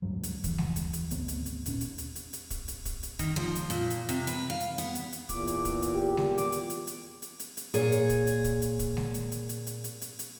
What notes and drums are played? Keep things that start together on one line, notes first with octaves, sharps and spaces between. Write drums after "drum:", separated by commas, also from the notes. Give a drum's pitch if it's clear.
D2 G2 F#3 G3
drum: hi-hat
F#1 D#2 E3 F3, drum: kick, hi-hat
drum: snare G#3
drum: hi-hat
drum: hi-hat
G#1 D2 B3 C4, drum: hi-hat
drum: hi-hat
drum: hi-hat
D#1 C#4, drum: hi-hat
drum: hi-hat
drum: hi-hat
drum: hi-hat
drum: hi-hat
drum: kick, hi-hat
drum: hi-hat
drum: kick, hi-hat
drum: hi-hat
D#3, drum: kick, hi-hat
F3, drum: snare G#3
drum: hi-hat
A#2, drum: hi-hat
drum: hi-hat
C3, drum: hi-hat
B4, drum: hi-hat
F5
drum: hi-hat
B3, drum: hi-hat
drum: hi-hat
drum: hi-hat
E2 A#2 D6, drum: kick, hi-hat
drum: hi-hat
drum: kick, hi-hat
drum: hi-hat
G4
drum: snare G#3
D6, drum: hi-hat
drum: hi-hat
drum: hi-hat
drum: hi-hat
drum: hi-hat
drum: hi-hat
drum: hi-hat
A#2 G#4 C#5, drum: hi-hat
drum: hi-hat
drum: kick, hi-hat
drum: hi-hat
drum: kick, hi-hat
drum: hi-hat
drum: kick, hi-hat
drum: snare G#3
drum: hi-hat
drum: hi-hat
drum: hi-hat
drum: hi-hat
drum: hi-hat
drum: hi-hat
drum: hi-hat